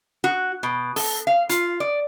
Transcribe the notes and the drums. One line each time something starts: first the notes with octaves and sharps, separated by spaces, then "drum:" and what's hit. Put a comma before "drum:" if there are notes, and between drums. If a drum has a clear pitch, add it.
F#4
B2
A4, drum: open hi-hat
F5
F4, drum: hi-hat
D5